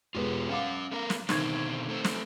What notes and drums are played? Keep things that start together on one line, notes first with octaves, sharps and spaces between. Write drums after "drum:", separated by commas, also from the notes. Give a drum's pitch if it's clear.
E1 B3 F4 G4 B4
C#4 F5 F#5 D6
A3 B3 A#4
drum: snare
B2 D3 D#3 C4 C#6 G#6, drum: snare
A3 C4
drum: snare